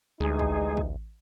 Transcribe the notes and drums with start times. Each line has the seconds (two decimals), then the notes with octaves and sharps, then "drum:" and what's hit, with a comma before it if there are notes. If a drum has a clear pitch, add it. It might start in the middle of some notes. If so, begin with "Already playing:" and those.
0.20 D2 E3 G3 G#3 D#4 G#4
0.39 drum: kick
0.77 drum: kick